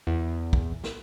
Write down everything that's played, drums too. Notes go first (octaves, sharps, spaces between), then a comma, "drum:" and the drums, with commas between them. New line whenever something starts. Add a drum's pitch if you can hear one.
E2
drum: kick
drum: snare